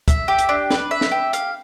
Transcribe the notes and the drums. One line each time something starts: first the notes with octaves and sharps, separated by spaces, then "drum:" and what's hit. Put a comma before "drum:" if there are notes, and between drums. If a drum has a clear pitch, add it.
E5, drum: kick, hi-hat
G4
drum: hi-hat
D4
B4, drum: snare
E5
drum: snare
G4
F5, drum: hi-hat